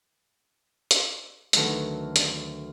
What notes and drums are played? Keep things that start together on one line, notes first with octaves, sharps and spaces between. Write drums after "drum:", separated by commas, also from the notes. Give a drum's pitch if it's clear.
drum: hi-hat
D2 D#3 F#3 A4 B4, drum: hi-hat
drum: hi-hat